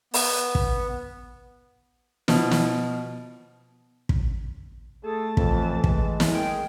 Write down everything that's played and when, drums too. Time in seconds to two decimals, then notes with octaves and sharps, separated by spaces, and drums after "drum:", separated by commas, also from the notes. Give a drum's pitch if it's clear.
0.14 B3, drum: open hi-hat
0.55 drum: kick
2.28 B2 F3, drum: snare
2.51 drum: snare
4.09 drum: kick
5.04 A3 G#4 A4 A5
5.37 F2 A2 E3, drum: kick
5.84 G#3, drum: kick
6.20 drum: snare
6.33 G#4 A#4 G5